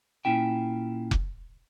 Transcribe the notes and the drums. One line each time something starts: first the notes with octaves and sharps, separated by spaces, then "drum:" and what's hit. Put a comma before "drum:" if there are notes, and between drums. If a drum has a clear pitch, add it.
A#2 C#4 E4 G5
drum: kick F1